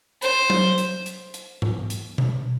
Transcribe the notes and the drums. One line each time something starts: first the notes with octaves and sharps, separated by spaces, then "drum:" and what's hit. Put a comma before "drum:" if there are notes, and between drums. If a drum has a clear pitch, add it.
C5, drum: hi-hat
drum: tom F#3
drum: hi-hat
drum: hi-hat
drum: hi-hat
drum: tom G#2
drum: hi-hat
drum: tom B2